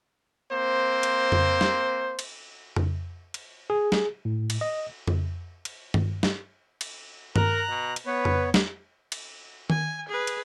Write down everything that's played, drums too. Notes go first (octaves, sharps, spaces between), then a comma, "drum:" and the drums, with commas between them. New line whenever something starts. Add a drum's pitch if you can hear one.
A#3 C4 C5
drum: cymbal
drum: tom F2
drum: snare
drum: cymbal
drum: tom F2
drum: cymbal
G#4
drum: snare
A2
drum: cymbal
D#5
drum: tom F2
drum: cymbal
drum: tom G2
drum: snare
drum: cymbal
A#4 A#5 F#6, drum: tom G2
B2
drum: cymbal
B3 B4 C#5
drum: tom F2
drum: snare
drum: cymbal
G#5, drum: tom D#3
G#4 B4
drum: cymbal